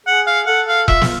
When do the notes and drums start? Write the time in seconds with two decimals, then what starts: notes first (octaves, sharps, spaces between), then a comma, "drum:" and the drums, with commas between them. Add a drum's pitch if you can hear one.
0.06 G#4 F#5
0.27 F5
0.47 A4 F#5
0.68 F5
0.88 F4 E5, drum: kick E1
1.02 drum: snare